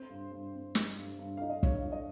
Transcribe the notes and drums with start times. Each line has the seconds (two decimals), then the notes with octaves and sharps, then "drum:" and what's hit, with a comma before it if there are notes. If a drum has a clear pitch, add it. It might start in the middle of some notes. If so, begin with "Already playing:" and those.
Already playing: C4 C5
0.09 G2
0.31 G2
0.53 C4
0.75 G3, drum: snare
0.97 G2
1.19 G2
1.37 D#4 F5
1.49 D#5
1.63 G2 C#5, drum: kick
1.85 D#4
1.92 D#5